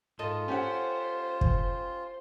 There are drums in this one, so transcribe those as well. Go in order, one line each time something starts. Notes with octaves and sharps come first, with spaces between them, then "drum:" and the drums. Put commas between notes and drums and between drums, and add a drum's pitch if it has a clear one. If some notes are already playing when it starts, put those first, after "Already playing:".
G#2 F4 A4 D#5
C#4 G4 C5 F#5
drum: kick